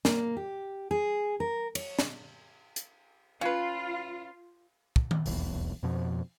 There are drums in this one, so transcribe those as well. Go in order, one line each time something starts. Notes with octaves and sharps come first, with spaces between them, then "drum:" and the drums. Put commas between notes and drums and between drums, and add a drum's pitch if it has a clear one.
A#3, drum: snare
G4
G#4
A#4
C#5, drum: cymbal
drum: snare
drum: hi-hat
C#4 F4 B4 F5
drum: kick
drum: tom D#3
D#1 B1 E2, drum: open hi-hat
F2 B2 F3